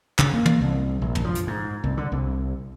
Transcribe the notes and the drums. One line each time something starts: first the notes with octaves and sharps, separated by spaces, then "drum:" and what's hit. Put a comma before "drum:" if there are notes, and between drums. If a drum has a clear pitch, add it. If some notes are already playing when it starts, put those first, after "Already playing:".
C#3, drum: clap
A#3
drum: tom
C2
A#1
drum: tom
F3
drum: hi-hat
G#2
C2
D3
C2